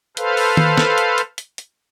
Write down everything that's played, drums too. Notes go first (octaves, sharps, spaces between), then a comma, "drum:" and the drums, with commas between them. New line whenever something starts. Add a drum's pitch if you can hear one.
A4 B4 C5 F5, drum: hi-hat
drum: open hi-hat
drum: tom D#3
drum: snare
drum: hi-hat
drum: hi-hat
drum: hi-hat
drum: hi-hat